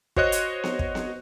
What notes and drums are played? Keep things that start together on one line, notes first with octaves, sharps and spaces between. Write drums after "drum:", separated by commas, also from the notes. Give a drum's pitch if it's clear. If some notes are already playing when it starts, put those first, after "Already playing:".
F#4 C5 C#5 D#5 F#6, drum: kick
drum: hi-hat
drum: snare B3
drum: kick
drum: snare B3